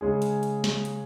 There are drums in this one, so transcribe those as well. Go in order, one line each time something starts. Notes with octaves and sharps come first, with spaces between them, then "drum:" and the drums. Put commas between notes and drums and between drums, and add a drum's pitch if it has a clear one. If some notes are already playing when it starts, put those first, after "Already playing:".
C#3 G#3 C#4 G#4
drum: hi-hat
drum: hi-hat
drum: snare
drum: hi-hat